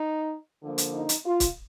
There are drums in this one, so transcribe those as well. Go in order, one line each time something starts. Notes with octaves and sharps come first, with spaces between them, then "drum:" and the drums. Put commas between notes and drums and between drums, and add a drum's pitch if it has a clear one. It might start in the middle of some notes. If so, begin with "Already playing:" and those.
Already playing: D#4
D3 F3 A#3
drum: hi-hat
D#4
drum: hi-hat
F4
drum: kick C#1, hi-hat